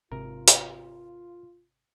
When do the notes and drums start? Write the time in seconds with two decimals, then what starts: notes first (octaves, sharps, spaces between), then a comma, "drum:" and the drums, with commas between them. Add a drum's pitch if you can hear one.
0.12 G#1 C3 F4 A#4
0.48 drum: hi-hat